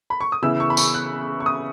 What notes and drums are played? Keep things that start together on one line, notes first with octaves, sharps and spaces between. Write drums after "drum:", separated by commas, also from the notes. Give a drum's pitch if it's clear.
B5
C#6
D#6
C#3 E3 B3 E4 E6
C#6
B5
C#6, drum: tambourine
F#6
C#6
D#6